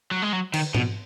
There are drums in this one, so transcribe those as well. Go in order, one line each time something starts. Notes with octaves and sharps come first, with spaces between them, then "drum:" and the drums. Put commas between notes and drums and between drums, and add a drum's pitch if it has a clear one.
F#3
G#3
F#3
D#3, drum: cymbal
B2, drum: tom G#2